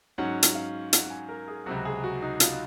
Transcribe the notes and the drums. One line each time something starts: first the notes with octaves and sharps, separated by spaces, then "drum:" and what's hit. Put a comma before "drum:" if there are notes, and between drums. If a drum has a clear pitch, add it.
G#2 F#3 C#4 F#5
drum: hi-hat
F5
F#5, drum: hi-hat
G#5
A#4
G#4
C#2 C3 F#3 F#4
G#4
F#4
D#4
F4, drum: hi-hat